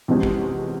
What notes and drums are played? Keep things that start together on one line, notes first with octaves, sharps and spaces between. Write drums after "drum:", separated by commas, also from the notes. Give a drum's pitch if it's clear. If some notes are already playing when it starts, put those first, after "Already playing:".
E2 C3 F3 G#3 C#4
drum: kick